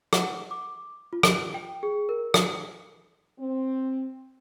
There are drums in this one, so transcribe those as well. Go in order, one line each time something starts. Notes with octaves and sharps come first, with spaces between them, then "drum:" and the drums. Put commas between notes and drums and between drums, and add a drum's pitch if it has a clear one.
F#5, drum: rim click
D6
F4
drum: rim click
G5
G#4
A#4
drum: rim click
C4